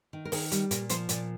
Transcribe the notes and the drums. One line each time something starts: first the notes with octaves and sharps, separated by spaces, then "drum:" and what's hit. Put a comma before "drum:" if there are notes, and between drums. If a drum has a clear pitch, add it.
D#3
A#4
D#3 G#4, drum: open hi-hat
G3, drum: hi-hat
A#2 A#4, drum: hi-hat
F3 C5, drum: hi-hat
A#2 D5, drum: hi-hat